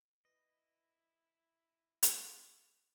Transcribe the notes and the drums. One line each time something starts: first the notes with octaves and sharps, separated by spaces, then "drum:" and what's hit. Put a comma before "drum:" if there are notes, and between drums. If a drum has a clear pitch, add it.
E4 B4 D#5
drum: hi-hat